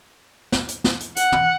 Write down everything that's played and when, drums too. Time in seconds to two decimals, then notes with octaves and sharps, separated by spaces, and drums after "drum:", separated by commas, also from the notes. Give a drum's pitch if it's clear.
0.52 drum: snare
0.68 drum: hi-hat
0.84 drum: snare
1.00 drum: hi-hat
1.16 F#5, drum: hi-hat
1.32 drum: tom